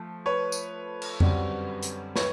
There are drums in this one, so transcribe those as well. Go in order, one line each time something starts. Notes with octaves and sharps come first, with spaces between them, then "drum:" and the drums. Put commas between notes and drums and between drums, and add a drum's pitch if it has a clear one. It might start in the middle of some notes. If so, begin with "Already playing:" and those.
Already playing: F3 A3
B4 C#5
drum: tambourine
drum: cymbal
F#2 D3 G3 C4, drum: tom F2
drum: hi-hat
B4 C#5, drum: snare